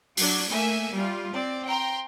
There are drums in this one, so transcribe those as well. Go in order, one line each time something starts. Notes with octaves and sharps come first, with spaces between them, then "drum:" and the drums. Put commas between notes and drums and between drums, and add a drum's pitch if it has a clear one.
F#3 D4 G#6, drum: open hi-hat
A3 A#3 E5 G#5
G3 F4
C4 D5
G5 A#5 C6